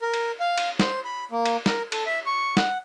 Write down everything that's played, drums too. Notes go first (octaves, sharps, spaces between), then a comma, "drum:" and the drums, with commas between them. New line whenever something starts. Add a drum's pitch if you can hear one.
A#4
drum: cymbal
F5
drum: cymbal
C5, drum: snare
B5
A#3
drum: cymbal
A#4, drum: snare
A4, drum: cymbal
E5
C#6
F#5, drum: snare